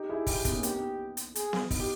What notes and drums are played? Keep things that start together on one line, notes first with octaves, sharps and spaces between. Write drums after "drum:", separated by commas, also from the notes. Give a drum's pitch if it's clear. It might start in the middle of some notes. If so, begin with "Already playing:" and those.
Already playing: D#4 G4
E4 G#4
E4 G4 G#4, drum: kick, open hi-hat
B3 D#4, drum: kick, hi-hat
A#3 C#4
B3 D#4 G4, drum: hi-hat
B3 D#4
drum: hi-hat
G#4, drum: hi-hat
drum: snare B3
B3 D#4, drum: kick, open hi-hat
G4